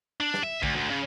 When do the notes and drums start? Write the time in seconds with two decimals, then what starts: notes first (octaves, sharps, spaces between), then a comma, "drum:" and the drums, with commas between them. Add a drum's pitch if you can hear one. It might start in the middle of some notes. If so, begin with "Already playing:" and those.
0.21 D4
0.34 drum: snare
0.44 E5
0.63 D2, drum: kick A#1
0.76 D2
0.90 C#3